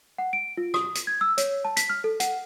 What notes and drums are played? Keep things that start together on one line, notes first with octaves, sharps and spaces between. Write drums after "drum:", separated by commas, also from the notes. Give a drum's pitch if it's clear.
F#5
D7
F4
D#6, drum: rim click
drum: hi-hat
G#6
E6
C#5, drum: hi-hat
A5
B6, drum: hi-hat
F6
A4
F#5, drum: hi-hat